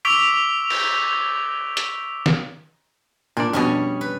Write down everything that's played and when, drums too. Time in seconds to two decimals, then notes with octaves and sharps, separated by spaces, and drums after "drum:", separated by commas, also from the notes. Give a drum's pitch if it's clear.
0.05 C#6 D6 E6 B6 D7 F7
0.70 drum: cymbal
1.77 drum: hi-hat
2.26 drum: snare
3.37 A#2 D4 D5
3.53 F2 B2 G3 C#4 G#4
4.01 B4